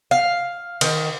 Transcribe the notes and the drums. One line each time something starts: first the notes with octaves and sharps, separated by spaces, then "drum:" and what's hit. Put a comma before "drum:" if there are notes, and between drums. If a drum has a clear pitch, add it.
F5
D#3, drum: cymbal